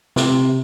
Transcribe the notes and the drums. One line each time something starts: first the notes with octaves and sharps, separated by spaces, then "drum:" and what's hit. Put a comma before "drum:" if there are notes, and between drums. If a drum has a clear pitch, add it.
C3, drum: snare